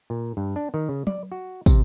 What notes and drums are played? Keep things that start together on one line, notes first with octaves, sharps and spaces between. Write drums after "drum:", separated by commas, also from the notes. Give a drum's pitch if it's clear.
A#2
G2
D4
D#3
C#3
D5, drum: tom F#3
F#4
C3, drum: kick, tambourine